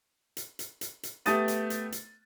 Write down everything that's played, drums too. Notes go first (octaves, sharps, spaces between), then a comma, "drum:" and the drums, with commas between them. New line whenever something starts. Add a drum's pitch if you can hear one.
drum: hi-hat
drum: hi-hat
drum: hi-hat
drum: hi-hat
A3 B3 G4 D#6 A6 D#7, drum: hi-hat
drum: hi-hat
drum: hi-hat
drum: hi-hat